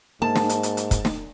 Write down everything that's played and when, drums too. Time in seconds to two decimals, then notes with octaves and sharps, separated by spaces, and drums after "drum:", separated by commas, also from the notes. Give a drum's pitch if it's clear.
0.22 G#2 A#3 A5
0.36 drum: snare
0.49 drum: hi-hat
0.63 drum: hi-hat
0.77 drum: hi-hat
0.91 drum: kick, hi-hat
1.05 drum: snare